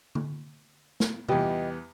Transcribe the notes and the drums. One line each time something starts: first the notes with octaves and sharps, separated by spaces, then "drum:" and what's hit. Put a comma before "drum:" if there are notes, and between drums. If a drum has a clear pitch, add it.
drum: tom D3
drum: snare
E2 G3 B3 F4 G4 D#5, drum: tom C3